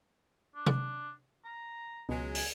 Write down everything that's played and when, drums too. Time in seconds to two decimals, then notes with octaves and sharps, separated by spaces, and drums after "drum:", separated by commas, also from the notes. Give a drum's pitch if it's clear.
0.56 D4
0.66 drum: tom C3
1.45 A#5
2.09 C#2 B2 F#3 G#3
2.35 G#5, drum: open hi-hat